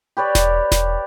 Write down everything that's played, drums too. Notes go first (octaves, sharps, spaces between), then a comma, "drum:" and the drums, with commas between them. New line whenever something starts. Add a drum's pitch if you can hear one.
G4 B4 C#5 D5
drum: snare E1
drum: snare E1